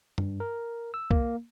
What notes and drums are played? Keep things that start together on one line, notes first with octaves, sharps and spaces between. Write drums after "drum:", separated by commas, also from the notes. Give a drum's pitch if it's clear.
G2, drum: tom
A#4
E6
A#3, drum: kick